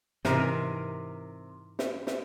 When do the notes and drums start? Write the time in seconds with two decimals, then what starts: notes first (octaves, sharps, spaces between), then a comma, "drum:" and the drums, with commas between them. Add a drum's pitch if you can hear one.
0.25 G#2 C3 E3 A#4 G#5, drum: snare
1.79 drum: snare
2.07 drum: snare